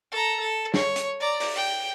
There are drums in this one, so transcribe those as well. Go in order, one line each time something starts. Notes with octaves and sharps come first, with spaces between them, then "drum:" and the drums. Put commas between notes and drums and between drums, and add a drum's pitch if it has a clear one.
A4 A#5
A4
C#5, drum: snare
drum: hi-hat
D5 A#5
drum: open hi-hat
G5